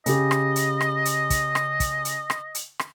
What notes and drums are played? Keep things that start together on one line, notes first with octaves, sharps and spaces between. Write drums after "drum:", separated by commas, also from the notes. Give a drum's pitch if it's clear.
C#3 G4 D#5, drum: hi-hat
drum: rim click
drum: hi-hat
drum: rim click
drum: hi-hat
drum: kick, hi-hat
drum: rim click
drum: kick, hi-hat
drum: hi-hat
drum: rim click
drum: hi-hat
drum: rim click